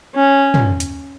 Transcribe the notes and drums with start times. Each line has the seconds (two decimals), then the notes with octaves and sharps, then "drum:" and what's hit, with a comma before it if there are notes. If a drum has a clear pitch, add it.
0.15 C#4
0.54 drum: tom
0.80 drum: hi-hat